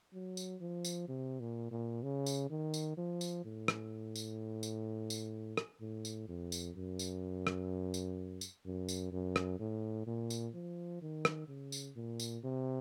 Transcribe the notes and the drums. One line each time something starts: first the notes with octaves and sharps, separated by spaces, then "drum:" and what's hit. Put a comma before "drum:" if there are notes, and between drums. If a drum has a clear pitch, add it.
F#3
drum: tambourine
F3
drum: tambourine
C3
A#2
A#2
C#3
drum: tambourine
D#3
drum: tambourine
F3
drum: tambourine
A2
drum: rim click
drum: tambourine
drum: tambourine
drum: tambourine
drum: rim click
A2
drum: tambourine
F2
drum: tambourine
F#2
drum: tambourine
drum: rim click
drum: tambourine
drum: tambourine
F#2
drum: tambourine
F#2
drum: rim click
A2
A#2
drum: tambourine
F3
D#3
drum: rim click
C#3
drum: tambourine
A#2
drum: tambourine
C3